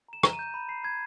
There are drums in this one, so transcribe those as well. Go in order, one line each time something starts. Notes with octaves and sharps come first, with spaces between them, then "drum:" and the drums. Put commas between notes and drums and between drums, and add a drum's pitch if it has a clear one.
A#5 E7
A#5, drum: rim click
D#7
G6
B5
B5 C7
B5 G#6